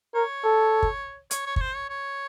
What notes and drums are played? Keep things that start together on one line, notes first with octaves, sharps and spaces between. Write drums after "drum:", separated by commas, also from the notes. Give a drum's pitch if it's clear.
A#4 C#5
A4
drum: kick
C#5, drum: hi-hat
C#5
C#5, drum: kick
C5
C#5
C#5